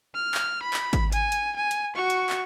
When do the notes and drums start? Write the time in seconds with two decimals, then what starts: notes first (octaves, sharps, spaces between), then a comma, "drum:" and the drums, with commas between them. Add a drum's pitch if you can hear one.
0.15 F6
0.34 drum: clap
0.63 B5
0.73 drum: clap
0.93 drum: kick G#1, hi-hat
1.12 G#5, drum: hi-hat
1.32 drum: hi-hat
1.56 G#5
1.71 drum: hi-hat
1.96 F#4 C#6
2.10 drum: hi-hat
2.29 drum: clap